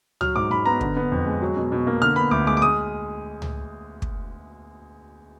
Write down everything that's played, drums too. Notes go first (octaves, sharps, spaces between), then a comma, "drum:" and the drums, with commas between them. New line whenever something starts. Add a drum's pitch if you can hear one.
F#3 F6, drum: tom C#2
G#2 D6
G#2 B5
B3 A#5
D3, drum: kick
B3
F2
G#3
F#3
B2
B2
A#3
D3 F6
B3 B5
D2 D6
G#3 D6
D6
G#3 D#6
drum: tom C#2
drum: kick